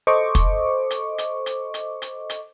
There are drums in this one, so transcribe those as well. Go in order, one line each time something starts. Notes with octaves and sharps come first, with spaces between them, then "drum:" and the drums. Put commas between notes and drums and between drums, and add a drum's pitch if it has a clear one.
A4 C5 D#5 C#6 D6
drum: kick, hi-hat
drum: hi-hat
drum: hi-hat
drum: hi-hat
drum: hi-hat
drum: hi-hat
drum: hi-hat